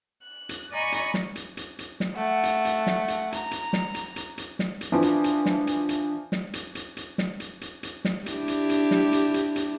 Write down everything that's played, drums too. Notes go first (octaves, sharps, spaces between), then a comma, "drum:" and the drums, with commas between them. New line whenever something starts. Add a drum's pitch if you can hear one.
F#6
drum: hi-hat
D5 D#5 G#5 A#5 B5 C#6
drum: hi-hat
drum: snare
drum: hi-hat
drum: hi-hat
drum: hi-hat
drum: snare
A3 F#5
drum: hi-hat
drum: hi-hat
drum: snare
drum: hi-hat
A#5, drum: hi-hat
drum: hi-hat
drum: snare
drum: hi-hat
drum: hi-hat
drum: hi-hat
drum: snare
drum: hi-hat
E3 F3 D4
drum: hi-hat
drum: hi-hat
drum: snare
drum: hi-hat
drum: hi-hat
drum: snare
drum: hi-hat
drum: hi-hat
drum: hi-hat
drum: snare
drum: hi-hat
drum: hi-hat
drum: hi-hat
drum: snare
D4 E4 G4, drum: hi-hat
drum: hi-hat
drum: hi-hat
drum: snare
drum: hi-hat
drum: hi-hat
drum: hi-hat